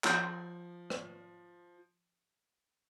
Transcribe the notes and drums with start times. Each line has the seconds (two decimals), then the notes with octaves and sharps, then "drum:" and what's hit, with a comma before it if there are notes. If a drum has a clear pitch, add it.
0.04 F3 E6 G6, drum: clap
0.90 drum: rim click